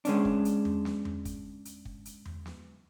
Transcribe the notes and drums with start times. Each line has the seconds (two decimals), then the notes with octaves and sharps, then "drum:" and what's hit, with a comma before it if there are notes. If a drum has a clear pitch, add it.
0.05 G#3 C#4 D4, drum: hi-hat
0.25 drum: kick
0.45 drum: hi-hat
0.65 drum: tom E2
0.85 drum: snare
1.05 drum: tom E2
1.25 drum: kick, hi-hat
1.65 drum: hi-hat
1.85 drum: kick
2.05 drum: hi-hat
2.26 drum: tom E2
2.46 drum: snare